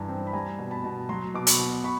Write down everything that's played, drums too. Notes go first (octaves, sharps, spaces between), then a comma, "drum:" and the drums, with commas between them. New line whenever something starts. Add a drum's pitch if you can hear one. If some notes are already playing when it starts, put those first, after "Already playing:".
Already playing: G2 E3 G#5 A#5
C4
B5
G3 G#5 A#5
B2
A5 B5
B2
F#3 A#5 C6
B2 D6
B5 C#6, drum: hi-hat
B2
B5 C#6